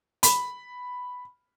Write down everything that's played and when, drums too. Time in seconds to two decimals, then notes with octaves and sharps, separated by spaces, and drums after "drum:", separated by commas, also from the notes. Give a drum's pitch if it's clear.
0.23 B5, drum: hi-hat